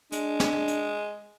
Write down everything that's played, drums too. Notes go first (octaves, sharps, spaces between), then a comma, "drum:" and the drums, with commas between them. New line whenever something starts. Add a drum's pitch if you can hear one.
G#3 D4, drum: hi-hat
drum: snare
drum: hi-hat